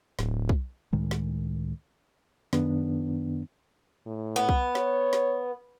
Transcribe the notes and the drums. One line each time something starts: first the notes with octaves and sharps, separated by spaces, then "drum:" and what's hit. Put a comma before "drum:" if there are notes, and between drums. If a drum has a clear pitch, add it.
D1, drum: snare
drum: kick
C#2 A2 D#3 G#3
drum: snare
F#2 D#3 B3 D4, drum: snare
A2
B3
drum: kick
C#5, drum: snare
drum: snare